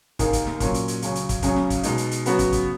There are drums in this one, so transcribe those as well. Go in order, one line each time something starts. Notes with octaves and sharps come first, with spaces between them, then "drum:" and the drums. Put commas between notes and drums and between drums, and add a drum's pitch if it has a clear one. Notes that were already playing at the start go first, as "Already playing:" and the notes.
D#2 D#3 A#3 D#4 G#4, drum: kick, hi-hat
drum: kick, hi-hat
drum: snare
A#2 F#3 C#4, drum: kick, hi-hat
drum: hi-hat
drum: hi-hat
C#2 C#3 F#3 C#4, drum: hi-hat
drum: hi-hat
drum: kick, hi-hat
C#2 C#3 F#3 C#4 G#4, drum: kick, hi-hat
drum: snare
drum: kick, hi-hat
B2 G#3 D#4, drum: hi-hat
drum: hi-hat
drum: hi-hat
C#3 F#3 B3 F#4, drum: hi-hat
drum: kick, hi-hat
drum: kick, hi-hat